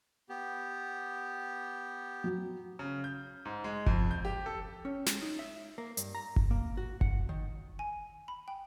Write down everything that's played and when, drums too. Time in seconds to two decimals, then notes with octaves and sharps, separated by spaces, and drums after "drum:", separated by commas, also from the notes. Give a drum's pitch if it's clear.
0.29 B3 G4
2.24 F#3
2.79 C#3
3.04 G6
3.45 G#2
3.64 G#3
3.86 F2, drum: kick G1
4.11 G6
4.25 G4
4.46 A4
4.85 C#4
5.06 G#3, drum: snare
5.22 D#4
5.39 E5
5.78 A#3
5.97 G2, drum: hi-hat
6.15 A#5
6.36 drum: kick G1
6.51 A#3
6.77 F#4
7.01 F#5, drum: kick G1
7.29 D#3
7.79 G#5
8.28 B5
8.48 G5